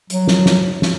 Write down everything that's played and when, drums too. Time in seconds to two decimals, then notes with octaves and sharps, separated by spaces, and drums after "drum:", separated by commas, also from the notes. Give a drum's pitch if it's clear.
0.10 F#3, drum: hi-hat
0.28 drum: snare
0.46 drum: snare
0.82 drum: snare